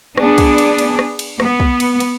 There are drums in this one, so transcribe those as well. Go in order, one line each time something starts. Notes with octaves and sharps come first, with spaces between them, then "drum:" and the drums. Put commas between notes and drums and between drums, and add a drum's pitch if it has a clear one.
B3 D4 G#4, drum: rim click
drum: kick, cymbal
drum: cymbal
drum: cymbal
drum: rim click
drum: cymbal
B3, drum: rim click
drum: kick
drum: cymbal
drum: cymbal